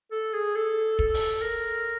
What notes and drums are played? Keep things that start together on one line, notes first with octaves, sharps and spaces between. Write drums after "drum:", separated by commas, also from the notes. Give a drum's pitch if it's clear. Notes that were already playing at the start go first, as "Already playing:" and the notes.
A4
G#4
A4
A4, drum: kick
drum: open hi-hat
A#4